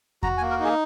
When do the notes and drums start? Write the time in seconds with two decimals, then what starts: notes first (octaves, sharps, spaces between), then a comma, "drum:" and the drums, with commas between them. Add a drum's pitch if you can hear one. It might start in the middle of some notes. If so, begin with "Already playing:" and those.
0.23 F#4 A#5, drum: kick E2
0.37 G#5
0.41 A#3
0.50 A#4
0.60 D#4 G#4